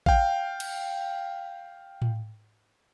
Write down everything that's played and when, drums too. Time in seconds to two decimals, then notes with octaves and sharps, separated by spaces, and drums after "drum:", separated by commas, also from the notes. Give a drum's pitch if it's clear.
0.06 F5 G5, drum: kick A1
0.60 drum: cymbal
2.02 drum: tom A2